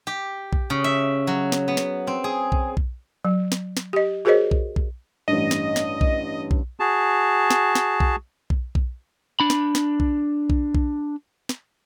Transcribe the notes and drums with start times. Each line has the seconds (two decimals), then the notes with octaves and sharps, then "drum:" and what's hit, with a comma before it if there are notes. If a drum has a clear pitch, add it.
0.07 G4
0.53 drum: kick B1
0.70 C#3
0.84 E5
1.27 F#3
1.52 drum: snare
1.68 B3
1.77 drum: snare
2.07 C4
2.24 G#4
2.52 drum: kick B1
2.77 drum: kick B1
3.25 F#3
3.52 drum: snare
3.77 drum: snare
3.93 G4 D#5
4.25 F#4 G#4 A#4 C5 C#5 D#5
4.51 drum: kick B1
4.76 drum: kick B1
5.28 A1 G2 D#5
5.51 drum: snare
5.76 drum: snare
6.01 drum: kick B1
6.51 drum: kick B1
6.80 F#4 G#4 A5
7.50 drum: snare
7.75 drum: snare
8.00 drum: kick B1
8.50 drum: kick B1
8.75 drum: kick B1
9.40 D4 B5
9.50 drum: snare
9.75 drum: snare
10.00 drum: kick B1
10.50 drum: kick B1
10.75 drum: kick B1
11.49 drum: snare